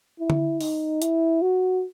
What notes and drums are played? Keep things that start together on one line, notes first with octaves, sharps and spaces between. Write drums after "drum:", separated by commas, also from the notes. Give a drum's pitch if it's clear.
E4
drum: tom D3
D#4, drum: open hi-hat
E4, drum: hi-hat
F#4